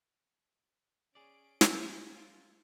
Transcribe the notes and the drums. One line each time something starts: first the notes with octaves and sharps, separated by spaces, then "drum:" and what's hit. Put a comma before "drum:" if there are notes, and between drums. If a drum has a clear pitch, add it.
C#4 G#4 D5 D7
drum: snare
F4